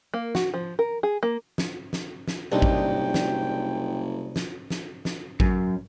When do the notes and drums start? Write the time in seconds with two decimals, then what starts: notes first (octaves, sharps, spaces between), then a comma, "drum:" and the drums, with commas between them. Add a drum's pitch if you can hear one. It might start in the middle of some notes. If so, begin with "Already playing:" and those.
0.14 A#3
0.35 F#4, drum: snare
0.54 F3
0.79 A#4
1.03 G#4
1.23 A#3
1.58 drum: snare
1.93 drum: snare
2.28 drum: snare
2.52 F#1 C2 D4 D#4 G5
2.62 drum: kick A1
3.14 drum: snare
4.36 drum: snare
4.70 drum: snare
5.05 drum: snare
5.40 F#2, drum: kick A1